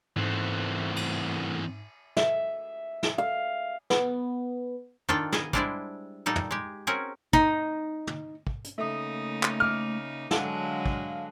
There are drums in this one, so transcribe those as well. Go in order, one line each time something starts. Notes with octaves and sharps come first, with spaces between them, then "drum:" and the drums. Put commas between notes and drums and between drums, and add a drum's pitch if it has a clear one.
G#2 E3 A3 B3 C4
drum: cymbal
E5, drum: snare
drum: snare
F5
B3, drum: snare
D#3 D4 F4 A4 G5, drum: tom
B3 G#4 D#5, drum: snare
G3 G#3 D4 E4 C5 D5, drum: kick
A#2 G3 D#4 A4
drum: tom
G#3 G4
C4 C#4 F#4 G#4 A#4
D#4, drum: kick
drum: tom
drum: kick
drum: hi-hat
C#3 A3 A#3 D#4 E5 D#6
drum: clap
D6 F6
D3 F#3 G#3 A4 F5 F#5, drum: snare
drum: kick